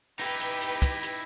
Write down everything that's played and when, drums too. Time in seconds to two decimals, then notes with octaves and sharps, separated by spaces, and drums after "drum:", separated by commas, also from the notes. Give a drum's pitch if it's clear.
0.19 D#4 E4 G4 B4, drum: hi-hat
0.40 drum: hi-hat
0.61 drum: hi-hat
0.82 drum: kick, hi-hat
1.03 drum: hi-hat